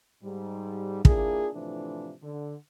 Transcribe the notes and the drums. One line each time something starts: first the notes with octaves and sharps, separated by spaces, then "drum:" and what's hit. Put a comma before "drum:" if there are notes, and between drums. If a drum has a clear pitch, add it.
G#2 G3
A#3 D4 E4 F4 G#4, drum: kick
A2 C3 E3 F3 A3 D4
D3